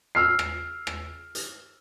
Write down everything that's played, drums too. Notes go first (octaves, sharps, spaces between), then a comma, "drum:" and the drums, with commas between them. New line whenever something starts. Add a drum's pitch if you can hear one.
E6 F6 C7
drum: rim click
drum: rim click
drum: hi-hat